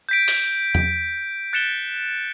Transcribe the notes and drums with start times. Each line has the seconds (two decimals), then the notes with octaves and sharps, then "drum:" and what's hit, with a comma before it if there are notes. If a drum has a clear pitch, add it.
0.09 G6 B6 D7
0.28 drum: open hi-hat
0.75 drum: tom E2
1.53 F#6 A6 C#7 E7 G7